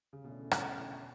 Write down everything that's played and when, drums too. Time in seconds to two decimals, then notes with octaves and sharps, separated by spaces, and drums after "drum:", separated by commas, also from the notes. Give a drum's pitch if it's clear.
0.13 C#3
0.24 E2 B2 D3 A3 C#4
0.51 drum: rim click